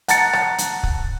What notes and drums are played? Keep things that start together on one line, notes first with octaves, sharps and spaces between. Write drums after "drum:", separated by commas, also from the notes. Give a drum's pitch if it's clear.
F#5 A5 A#5 A6 C#7, drum: hi-hat
drum: rim click
drum: hi-hat
drum: kick